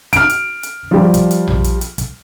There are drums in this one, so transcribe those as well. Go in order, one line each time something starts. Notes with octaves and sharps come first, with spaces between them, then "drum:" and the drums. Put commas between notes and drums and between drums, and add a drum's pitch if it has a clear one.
F6 D7, drum: kick, hi-hat
drum: hi-hat
drum: hi-hat
F3 G3
drum: kick, hi-hat
drum: hi-hat
drum: tom A#1
drum: hi-hat
drum: hi-hat
drum: kick, hi-hat